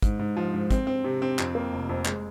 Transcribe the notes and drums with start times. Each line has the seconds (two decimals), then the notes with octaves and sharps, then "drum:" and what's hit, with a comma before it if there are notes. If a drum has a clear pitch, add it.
0.02 G#2, drum: kick, hi-hat
0.19 G#2
0.37 F3
0.53 G#2
0.70 C4, drum: kick, hi-hat
0.87 C4
1.04 C3
1.22 C4
1.39 F2, drum: clap
1.55 A#3
1.73 F1
1.89 F2
2.06 G#3, drum: clap